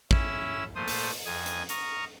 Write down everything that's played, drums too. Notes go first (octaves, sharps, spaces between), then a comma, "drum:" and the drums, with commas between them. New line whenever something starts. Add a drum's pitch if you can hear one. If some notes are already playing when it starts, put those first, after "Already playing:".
C#4 E4 E6, drum: kick
A#2 A3 C5 D#6
drum: open hi-hat
F2 G#5 D#6
drum: hi-hat
A#5 C#6 D#6 F6, drum: hi-hat